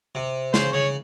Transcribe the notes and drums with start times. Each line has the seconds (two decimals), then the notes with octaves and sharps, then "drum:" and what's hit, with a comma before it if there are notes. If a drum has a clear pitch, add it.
0.15 C3
0.54 C#3 C5, drum: snare
0.73 C#3 C#5